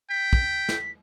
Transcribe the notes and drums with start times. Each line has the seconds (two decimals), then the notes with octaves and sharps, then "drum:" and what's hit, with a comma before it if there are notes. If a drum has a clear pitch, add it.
0.10 G5 B6
0.33 drum: kick
0.69 drum: snare